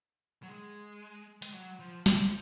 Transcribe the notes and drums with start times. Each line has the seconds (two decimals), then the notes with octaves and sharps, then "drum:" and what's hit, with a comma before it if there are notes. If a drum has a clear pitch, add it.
0.43 F#3
0.48 G#3
1.42 G#3, drum: hi-hat
1.54 F#3
1.80 F3
2.06 D3, drum: snare
2.23 F3